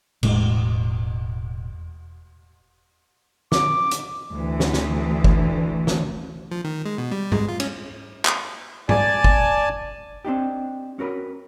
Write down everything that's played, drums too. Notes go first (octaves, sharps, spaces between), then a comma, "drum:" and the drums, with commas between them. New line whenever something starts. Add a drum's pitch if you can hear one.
E1 A2 G#3, drum: cymbal
D6, drum: snare
drum: hi-hat
D2 E3
drum: snare
drum: snare
drum: kick G1
drum: snare
F3
D#3
G#3
B2
G3
G#3, drum: tom G#2
F4
C#4, drum: cymbal
drum: clap
D5 G#5 A5, drum: tom G#2
drum: kick G1
C4 D4 D#4 G4
C#4 F#4 A#4 B4